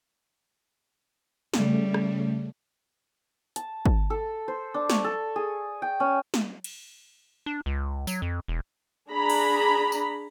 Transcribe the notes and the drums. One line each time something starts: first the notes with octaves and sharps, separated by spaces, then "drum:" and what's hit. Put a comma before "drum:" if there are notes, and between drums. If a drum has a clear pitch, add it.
C#3 G3 A3, drum: snare
drum: rim click
A5, drum: hi-hat
drum: kick
A4
C5
D4
C#6, drum: snare
A4
G#4
G5
C#4
drum: snare
drum: cymbal
D4
C#2
F#3, drum: tambourine
F2
E1
D4 G#4 A#5 B5
drum: cymbal
drum: tambourine